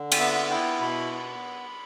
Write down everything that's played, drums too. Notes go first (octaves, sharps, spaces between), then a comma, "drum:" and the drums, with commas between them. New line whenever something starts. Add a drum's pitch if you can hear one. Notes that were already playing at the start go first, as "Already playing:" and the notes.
Already playing: D3
G5, drum: cymbal
B3 E5
E4 G5
B2 B5
B3